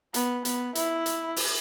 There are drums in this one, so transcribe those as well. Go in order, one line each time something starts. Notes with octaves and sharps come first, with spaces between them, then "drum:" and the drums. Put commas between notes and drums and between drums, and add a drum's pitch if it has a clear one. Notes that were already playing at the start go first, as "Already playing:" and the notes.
B3, drum: hi-hat
B3, drum: hi-hat
E4, drum: hi-hat
drum: hi-hat
drum: open hi-hat